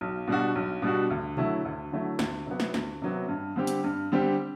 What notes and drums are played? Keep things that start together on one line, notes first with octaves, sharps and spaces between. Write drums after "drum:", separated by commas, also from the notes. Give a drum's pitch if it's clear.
B1
B2 G3 D4 F#4
B1
B2 G3 D4 F#4
D2
D3 F#3 A3 E4, drum: tom B2
D2
D3 F#3 A3 E4
D2, drum: snare
C3 F#3 B3
drum: snare
D2, drum: snare
C3 F#3 B3
G2
D3 G3 C4 G4
drum: hi-hat
G2
D3 G3 C4 G4